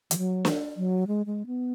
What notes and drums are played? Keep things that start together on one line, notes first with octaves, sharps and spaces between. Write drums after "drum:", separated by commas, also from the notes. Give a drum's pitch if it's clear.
E3, drum: hi-hat
F#3
drum: snare
F#3
G#3
G#3
B3